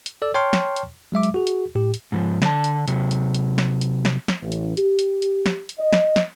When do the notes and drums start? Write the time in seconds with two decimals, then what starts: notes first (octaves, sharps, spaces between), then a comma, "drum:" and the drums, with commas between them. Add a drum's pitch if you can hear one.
0.06 drum: hi-hat
0.22 A4 D5 E6
0.34 C#5 G5 A5 C6 C#6 F6
0.53 drum: snare
0.76 drum: hi-hat
1.12 F#3 G#3 E5 D6
1.23 drum: hi-hat
1.34 F#4 G#4
1.47 drum: hi-hat
1.75 A2 G4
1.94 drum: hi-hat
2.12 G#2 E3 F3
2.42 D3 A5, drum: snare
2.64 drum: hi-hat
2.88 C3 F#3, drum: hi-hat
3.11 drum: hi-hat
3.34 drum: hi-hat
3.58 drum: snare
3.81 drum: hi-hat
4.05 drum: snare
4.28 drum: snare
4.42 A1
4.52 drum: hi-hat
4.77 G4, drum: hi-hat
4.99 drum: hi-hat
5.22 drum: hi-hat
5.46 drum: snare
5.69 drum: hi-hat
5.79 D#5
5.93 drum: snare
6.16 drum: snare